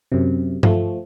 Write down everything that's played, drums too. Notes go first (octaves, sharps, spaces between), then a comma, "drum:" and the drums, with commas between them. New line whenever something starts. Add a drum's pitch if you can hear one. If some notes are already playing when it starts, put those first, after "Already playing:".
F#2 C3
F3 A3, drum: tom G2